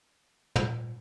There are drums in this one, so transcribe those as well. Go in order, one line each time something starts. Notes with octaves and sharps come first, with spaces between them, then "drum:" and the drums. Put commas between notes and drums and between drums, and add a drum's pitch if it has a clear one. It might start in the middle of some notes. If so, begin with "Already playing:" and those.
A#2, drum: tom